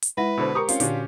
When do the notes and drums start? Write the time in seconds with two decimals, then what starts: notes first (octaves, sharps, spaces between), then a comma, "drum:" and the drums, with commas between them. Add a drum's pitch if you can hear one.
0.02 drum: hi-hat
0.17 G#3 E4 B4 F#5 A#6
0.37 B2 D3 C5 B5 E6
0.55 G4 A#4 A#5 C#6 D#6 C#7
0.69 C4 C#4 F4, drum: hi-hat
0.80 A#2 D3 C#4 D4 F#4 G4, drum: hi-hat